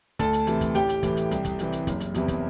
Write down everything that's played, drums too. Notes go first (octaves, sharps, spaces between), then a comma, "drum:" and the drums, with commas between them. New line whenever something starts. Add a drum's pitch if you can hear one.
D2 A4 A5, drum: kick, hi-hat
drum: hi-hat
C3 E3, drum: hi-hat
drum: kick, hi-hat
A1 G4 G5, drum: hi-hat
drum: hi-hat
A2 E3, drum: kick, hi-hat
drum: hi-hat
C2, drum: hi-hat
drum: kick, hi-hat
C3 E3, drum: hi-hat
drum: hi-hat
F#1, drum: kick, hi-hat
drum: hi-hat
E2 C3 E3, drum: hi-hat
drum: kick, hi-hat